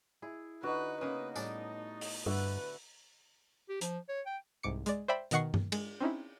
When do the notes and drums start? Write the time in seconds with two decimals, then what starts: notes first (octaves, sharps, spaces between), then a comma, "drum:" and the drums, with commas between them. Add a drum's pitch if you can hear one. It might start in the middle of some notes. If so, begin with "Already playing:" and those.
0.22 E4 G#4
0.63 D3 D#4 F#4 B4
1.01 C#3 A#3 B3 B4 D#6
1.36 A2 G3 D#4 D5 A5, drum: tambourine
2.01 drum: open hi-hat
2.26 G2 D3 F#4 B4 E5
3.69 G4
3.81 F3, drum: hi-hat
4.09 C#5
4.26 G5
4.63 C2 G#2 D6 C#7
4.86 G#3 D5, drum: hi-hat
5.08 C5 D5 E5 G5 B5
5.31 B2 D#3 D#5 F#5 C#6 C7, drum: hi-hat
5.54 drum: tom G2
5.72 G#3, drum: cymbal
6.00 C4 C#4 D#4 E4